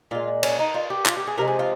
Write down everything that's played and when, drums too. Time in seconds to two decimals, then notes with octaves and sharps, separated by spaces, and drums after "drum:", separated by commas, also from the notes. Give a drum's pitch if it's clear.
0.11 A#2 G#3 F4
0.43 C#4, drum: cymbal
0.59 D#4
0.74 F4
0.90 G4
1.06 F4, drum: clap
1.17 G4
1.27 G#4
1.38 C3 F3 G#3 A#4
1.48 G#4
1.59 F4